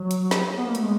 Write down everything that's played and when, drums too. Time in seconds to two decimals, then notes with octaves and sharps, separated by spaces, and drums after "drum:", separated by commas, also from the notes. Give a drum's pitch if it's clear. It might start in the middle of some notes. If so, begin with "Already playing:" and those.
Already playing: F#3
0.11 drum: hi-hat
0.31 drum: snare
0.57 B3
0.66 A#3
0.75 A3, drum: hi-hat
0.84 G#3